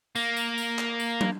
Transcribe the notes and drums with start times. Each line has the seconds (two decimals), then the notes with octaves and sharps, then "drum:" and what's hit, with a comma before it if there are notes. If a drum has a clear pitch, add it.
0.15 A#3, drum: tambourine
0.37 drum: tambourine
0.58 drum: tambourine
0.79 drum: clap
1.00 drum: tambourine
1.21 drum: tom